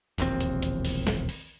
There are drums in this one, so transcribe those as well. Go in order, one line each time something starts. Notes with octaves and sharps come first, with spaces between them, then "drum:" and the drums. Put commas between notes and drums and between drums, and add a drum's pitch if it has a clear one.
E1 A#1 D#2 C4, drum: hi-hat
drum: hi-hat
drum: hi-hat
drum: open hi-hat
drum: snare
drum: open hi-hat